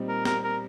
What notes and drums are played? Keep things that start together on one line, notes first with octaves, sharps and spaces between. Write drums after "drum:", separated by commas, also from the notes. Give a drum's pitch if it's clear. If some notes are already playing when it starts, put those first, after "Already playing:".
Already playing: A#2 G3 C4 D#4
A#4
A#4, drum: snare
A#4